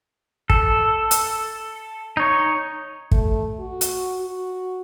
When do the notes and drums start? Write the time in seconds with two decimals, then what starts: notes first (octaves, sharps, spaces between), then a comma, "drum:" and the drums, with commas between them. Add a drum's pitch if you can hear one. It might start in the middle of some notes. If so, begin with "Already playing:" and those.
0.50 A4, drum: kick
1.11 drum: hi-hat
2.17 D#4 C#5
3.11 A3, drum: kick
3.59 F#4
3.81 drum: hi-hat
4.21 F#4